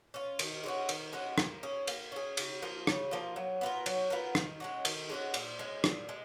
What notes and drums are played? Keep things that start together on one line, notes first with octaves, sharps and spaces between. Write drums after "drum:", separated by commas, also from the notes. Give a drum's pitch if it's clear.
C#4 F4
D#3, drum: cymbal
G#3 C#4 F#4
D#3, drum: cymbal
G#3 C#4 F#4
A#3, drum: rim click
C#4 G#4
A#3, drum: cymbal
C#4 G#4
C#3, drum: cymbal
F3 A#3 F4
C#3, drum: rim click
F3 A#3 F4
F#3
B3 F4 A#4
F#3, drum: cymbal
B3 F4 A#4
D#3, drum: rim click
G#3 C#4 F#4
D#3, drum: cymbal
G#3 C#4 F#4
A#2, drum: cymbal
G#3 C#4
A#2, drum: rim click
G#3